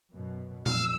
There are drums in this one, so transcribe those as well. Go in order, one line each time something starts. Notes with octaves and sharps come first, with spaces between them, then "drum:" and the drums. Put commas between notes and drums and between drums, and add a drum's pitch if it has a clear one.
F#2 B2
F2 F5 E6, drum: tom A#2